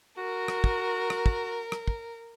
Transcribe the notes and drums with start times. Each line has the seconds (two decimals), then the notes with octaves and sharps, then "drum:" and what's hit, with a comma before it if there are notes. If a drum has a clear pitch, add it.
0.17 F#4 A#4
0.48 drum: rim click
0.64 drum: kick
1.10 drum: rim click
1.26 drum: kick
1.72 drum: rim click
1.88 drum: kick